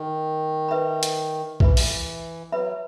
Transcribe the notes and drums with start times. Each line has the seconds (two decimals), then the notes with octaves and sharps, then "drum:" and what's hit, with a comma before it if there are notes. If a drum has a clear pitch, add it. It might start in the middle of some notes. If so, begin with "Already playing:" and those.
Already playing: D#3
0.69 B4 E5 B5
1.03 drum: hi-hat
1.60 E3 B4 E5 B5, drum: kick A#1
1.77 drum: open hi-hat
2.51 F#3 B4 E5 B5